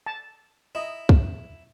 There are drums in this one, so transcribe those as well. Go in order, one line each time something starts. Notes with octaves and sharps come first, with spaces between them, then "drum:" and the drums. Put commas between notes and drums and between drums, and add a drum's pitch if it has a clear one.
A5
E4 D#5
drum: kick